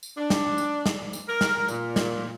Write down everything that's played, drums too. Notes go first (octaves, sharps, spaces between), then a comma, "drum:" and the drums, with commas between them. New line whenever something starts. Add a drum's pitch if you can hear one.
drum: tambourine
D4
drum: snare
drum: tambourine
drum: snare
drum: tambourine
A#4
drum: snare
A#2, drum: tambourine
drum: snare